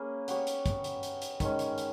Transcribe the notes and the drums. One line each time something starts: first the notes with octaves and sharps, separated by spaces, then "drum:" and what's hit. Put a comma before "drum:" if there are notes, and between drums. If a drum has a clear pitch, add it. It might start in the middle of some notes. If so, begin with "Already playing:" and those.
Already playing: A#3 C#4 G#4 B4
B3 G4 C#5, drum: hi-hat
drum: hi-hat
drum: kick, hi-hat
drum: hi-hat
drum: hi-hat
drum: hi-hat
D#3 G#3 C#4, drum: kick, hi-hat
drum: hi-hat
drum: hi-hat